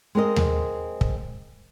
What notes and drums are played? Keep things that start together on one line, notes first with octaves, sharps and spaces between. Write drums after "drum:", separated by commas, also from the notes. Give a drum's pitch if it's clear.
G#3 C4 A#4 D#5
drum: tom D#2
drum: kick